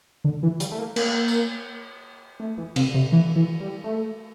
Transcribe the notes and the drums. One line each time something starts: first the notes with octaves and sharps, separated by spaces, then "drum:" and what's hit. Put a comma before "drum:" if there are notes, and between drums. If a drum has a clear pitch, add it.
D3
E3
G3, drum: hi-hat
A3
A#3
A#3, drum: cymbal
drum: tambourine
A3
E3
C3, drum: cymbal
C3
E3
E3
G3
A3